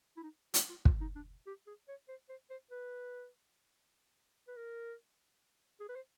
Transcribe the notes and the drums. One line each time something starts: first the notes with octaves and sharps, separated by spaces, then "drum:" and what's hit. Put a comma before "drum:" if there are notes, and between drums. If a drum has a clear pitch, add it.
E4
D#4
F#4, drum: hi-hat
F4
F4, drum: kick
D#4
D4
G4
G#4
C#5
C5
C5
C5
B4
B4
A#4
G#4
B4
C5